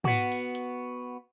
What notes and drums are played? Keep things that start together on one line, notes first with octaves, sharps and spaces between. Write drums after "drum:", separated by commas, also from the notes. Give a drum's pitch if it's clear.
B3 F#4, drum: tom
drum: open hi-hat
drum: hi-hat